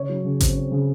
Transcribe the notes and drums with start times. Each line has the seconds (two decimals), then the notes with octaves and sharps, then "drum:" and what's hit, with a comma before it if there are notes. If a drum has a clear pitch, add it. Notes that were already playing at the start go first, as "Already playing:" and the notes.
Already playing: C#3 C#5
0.09 F#3
0.25 C#3
0.40 C4, drum: kick G#1, hi-hat
0.56 C4
0.72 C#3